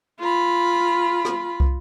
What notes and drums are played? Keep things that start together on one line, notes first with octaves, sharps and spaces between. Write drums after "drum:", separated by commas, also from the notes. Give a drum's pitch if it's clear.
F4 B5
drum: rim click
drum: kick